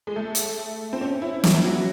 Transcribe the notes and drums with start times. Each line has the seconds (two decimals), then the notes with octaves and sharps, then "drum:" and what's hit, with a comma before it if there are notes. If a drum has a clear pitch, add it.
0.07 G#3
0.16 A3
0.35 drum: hi-hat
0.93 C4
1.01 C#4
1.22 E4
1.44 E4, drum: snare
1.65 F#4